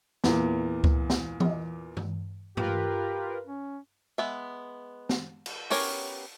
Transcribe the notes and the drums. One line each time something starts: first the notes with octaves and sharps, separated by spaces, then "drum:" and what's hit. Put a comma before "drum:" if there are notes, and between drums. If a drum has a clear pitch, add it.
E2 A#2, drum: snare
drum: kick C#2
drum: snare
drum: tom E3
drum: tom G2
F4 G4 A#4 B4, drum: tom G2
C#4
G#3 B3 E5
drum: snare
drum: cymbal
B3 C#4 G4 A#4 C#5, drum: open hi-hat